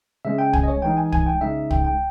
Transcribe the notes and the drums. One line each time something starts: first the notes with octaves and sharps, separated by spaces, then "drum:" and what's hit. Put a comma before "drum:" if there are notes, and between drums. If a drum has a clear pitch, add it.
C#3 G#3 C#4 E5
G5
G#5, drum: kick
D#5
C#5
E3 G#3 D#4 G5
G#5
G#5, drum: kick
G5
C#3 G#3 D#4 E5
G5, drum: kick
G5